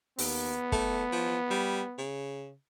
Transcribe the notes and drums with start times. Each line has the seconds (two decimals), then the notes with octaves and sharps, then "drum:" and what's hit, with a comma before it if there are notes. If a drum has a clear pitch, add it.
0.19 D#2 B3, drum: open hi-hat
0.72 A3, drum: kick
1.12 F3
1.51 G3
1.98 C#3